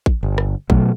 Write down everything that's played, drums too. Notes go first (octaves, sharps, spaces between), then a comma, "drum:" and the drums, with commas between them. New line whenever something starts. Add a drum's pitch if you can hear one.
drum: kick A1
G1
drum: rim click
B2 F#3 A3, drum: kick A1